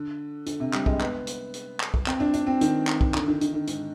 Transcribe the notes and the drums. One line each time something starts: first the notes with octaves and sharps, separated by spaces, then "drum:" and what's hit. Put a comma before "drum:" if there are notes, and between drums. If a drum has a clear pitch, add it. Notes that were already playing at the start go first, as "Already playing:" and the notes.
Already playing: D3
D3, drum: hi-hat
C3
G3, drum: clap
G#3, drum: kick B1
B3, drum: clap
drum: hi-hat
drum: hi-hat
drum: clap
drum: kick B1
C4, drum: clap
D4
D4, drum: hi-hat
C4
D#3, drum: hi-hat
drum: clap
drum: kick B1
D3, drum: clap
D#3
D#3, drum: hi-hat
D#3
G#2, drum: hi-hat